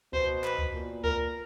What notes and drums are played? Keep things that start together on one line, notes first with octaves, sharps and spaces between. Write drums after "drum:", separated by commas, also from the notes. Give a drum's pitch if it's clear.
B2 C5, drum: kick C#2
B4, drum: clap
drum: kick C#2
A#2
A#4, drum: kick C#2